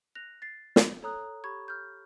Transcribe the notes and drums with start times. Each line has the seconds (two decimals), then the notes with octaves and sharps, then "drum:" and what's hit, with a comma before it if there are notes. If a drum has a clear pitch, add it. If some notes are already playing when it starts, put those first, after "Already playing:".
0.15 F#6 A#6 F7
0.42 A6 C7
0.76 drum: snare
1.03 A4 C#5 A#5 D#6 F#6
1.44 G4 B5 C#6 G#6
1.68 F6 G6